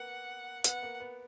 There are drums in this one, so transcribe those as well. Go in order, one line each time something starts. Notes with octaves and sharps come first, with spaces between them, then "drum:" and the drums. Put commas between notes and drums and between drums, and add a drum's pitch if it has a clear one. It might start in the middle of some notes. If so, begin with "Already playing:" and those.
Already playing: A#3 B3 F#5
B3 F#5, drum: hi-hat
A#3
B3